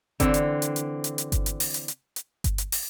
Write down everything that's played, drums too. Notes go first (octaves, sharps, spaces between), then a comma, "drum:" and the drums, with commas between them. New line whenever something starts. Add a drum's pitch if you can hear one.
D3 E3 C4, drum: kick G1, hi-hat
drum: hi-hat
drum: hi-hat
drum: hi-hat
drum: hi-hat
drum: hi-hat
drum: kick G1, hi-hat
drum: hi-hat
drum: open hi-hat
drum: hi-hat
drum: hi-hat
drum: hi-hat
drum: kick G1, hi-hat
drum: hi-hat
drum: open hi-hat